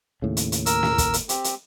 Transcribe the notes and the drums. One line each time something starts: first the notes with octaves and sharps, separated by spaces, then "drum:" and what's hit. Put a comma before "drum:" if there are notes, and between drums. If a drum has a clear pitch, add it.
D#2 A2 C#3
drum: hi-hat
drum: hi-hat
A#4 E6, drum: hi-hat
drum: snare
drum: kick, hi-hat
drum: hi-hat
C4 G4, drum: hi-hat
drum: hi-hat